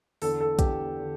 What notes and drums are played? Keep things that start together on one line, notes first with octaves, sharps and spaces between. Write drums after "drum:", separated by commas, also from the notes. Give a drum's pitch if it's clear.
E2 D3 A4, drum: open hi-hat
A4
E2 D3 G4, drum: kick, hi-hat
D3